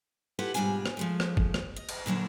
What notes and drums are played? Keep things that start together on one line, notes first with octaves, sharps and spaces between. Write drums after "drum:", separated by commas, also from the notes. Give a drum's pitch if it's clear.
E4 F4 G4 A4 B4 F#5
G#2 B2 G3 D4 F4 G#5
drum: rim click
F3 G#3 A3
drum: rim click
drum: kick F#1
drum: rim click
D#5
drum: cymbal
A#2 D3 F#3 D4